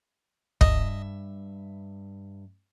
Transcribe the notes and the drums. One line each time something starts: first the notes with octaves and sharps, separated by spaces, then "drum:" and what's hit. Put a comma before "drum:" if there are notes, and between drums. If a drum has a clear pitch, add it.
G2 D#5 E5, drum: kick